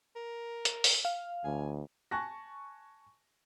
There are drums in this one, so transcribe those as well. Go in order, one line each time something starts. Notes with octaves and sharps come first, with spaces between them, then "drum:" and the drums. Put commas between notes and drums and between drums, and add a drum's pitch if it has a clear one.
A#4
drum: hi-hat
drum: open hi-hat
F5
D2 G#5
G#5 A5 C#6 F#6 A#6